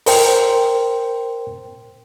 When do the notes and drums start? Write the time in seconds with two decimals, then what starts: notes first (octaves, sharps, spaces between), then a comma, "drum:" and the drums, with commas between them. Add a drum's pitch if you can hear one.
0.06 A#4 C5 G5, drum: open hi-hat